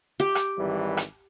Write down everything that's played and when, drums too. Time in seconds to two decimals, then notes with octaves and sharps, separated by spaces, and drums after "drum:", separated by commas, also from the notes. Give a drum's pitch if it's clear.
0.20 G4
0.35 drum: rim click
0.57 G#1 E3 G3
0.97 drum: rim click